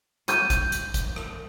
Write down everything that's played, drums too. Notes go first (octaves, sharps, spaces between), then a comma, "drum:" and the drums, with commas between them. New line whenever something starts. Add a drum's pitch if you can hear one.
G6 D#7, drum: hi-hat
drum: kick, hi-hat
drum: hi-hat
drum: kick, hi-hat
drum: rim click